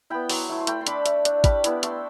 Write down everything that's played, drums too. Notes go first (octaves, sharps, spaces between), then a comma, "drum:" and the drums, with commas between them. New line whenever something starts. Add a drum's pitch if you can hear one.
B3 E4 G5 B5
F#3 A5 C6, drum: open hi-hat
A3 E4
C6
A3 G5 B5, drum: hi-hat
C6
D4 B5 D6, drum: hi-hat
A3, drum: hi-hat
D4, drum: hi-hat
G3 B5 D6, drum: kick, hi-hat
B3 E4, drum: hi-hat
A3 C6 E6, drum: hi-hat